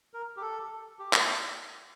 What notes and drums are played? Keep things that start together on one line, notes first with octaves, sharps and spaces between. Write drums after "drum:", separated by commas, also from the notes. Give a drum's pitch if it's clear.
A#4
G4
A4
G4
drum: clap